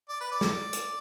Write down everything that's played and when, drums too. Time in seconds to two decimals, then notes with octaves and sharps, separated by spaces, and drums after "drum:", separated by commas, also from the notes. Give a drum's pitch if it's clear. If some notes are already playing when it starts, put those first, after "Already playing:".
0.09 D5
0.20 B4
0.32 D5
0.41 drum: snare
0.73 drum: hi-hat